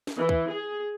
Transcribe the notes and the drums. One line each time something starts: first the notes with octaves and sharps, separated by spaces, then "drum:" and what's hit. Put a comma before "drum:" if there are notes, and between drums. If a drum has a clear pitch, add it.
drum: snare
E3
drum: kick
G#4